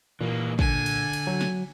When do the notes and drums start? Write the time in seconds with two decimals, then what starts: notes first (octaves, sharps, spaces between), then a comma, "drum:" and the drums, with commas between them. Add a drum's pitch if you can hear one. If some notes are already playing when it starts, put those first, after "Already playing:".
0.21 A#2 E3 A#3
0.59 D3 G#5, drum: kick
0.86 drum: cymbal
1.13 drum: cymbal
1.27 F#3
1.41 drum: snare